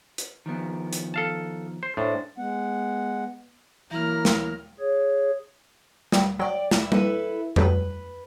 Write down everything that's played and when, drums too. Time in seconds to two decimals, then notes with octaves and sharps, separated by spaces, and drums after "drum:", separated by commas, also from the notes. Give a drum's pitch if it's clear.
0.18 drum: hi-hat
0.46 D#3 F3 B3
0.93 drum: hi-hat
1.14 A4 F5 A5
1.83 C5
1.97 A2 D4 C5
2.38 G#3 B3 F#5
3.91 E3 F#3 A#3 E4 A#5 F6
4.25 drum: snare
4.80 G#4 C#5
6.12 G3, drum: snare
6.39 F#3 D5 G5
6.71 E4 E7, drum: snare
6.92 A#3 E4 A4 B4, drum: tom G3
7.56 F#3 G3 A3 B4, drum: tom F2